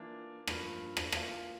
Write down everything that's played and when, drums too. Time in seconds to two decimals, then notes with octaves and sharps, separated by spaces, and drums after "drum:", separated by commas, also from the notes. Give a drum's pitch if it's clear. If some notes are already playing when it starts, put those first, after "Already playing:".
Already playing: E3 A#3 D4 F4
0.47 G2 F3 A#3, drum: rim click
0.97 drum: rim click
1.12 E3 A#3 F4, drum: rim click